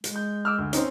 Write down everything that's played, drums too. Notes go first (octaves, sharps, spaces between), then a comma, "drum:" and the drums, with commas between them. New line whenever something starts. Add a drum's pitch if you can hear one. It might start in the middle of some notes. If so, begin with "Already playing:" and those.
G#3, drum: hi-hat
G6
D6 E6 F6
D2
C4 C#4 D#4, drum: hi-hat